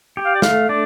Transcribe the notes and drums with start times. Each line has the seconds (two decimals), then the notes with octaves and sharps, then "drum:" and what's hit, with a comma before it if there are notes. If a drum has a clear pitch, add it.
0.17 G4
0.25 F5
0.35 D5
0.42 A3 F5, drum: snare
0.69 D4 D5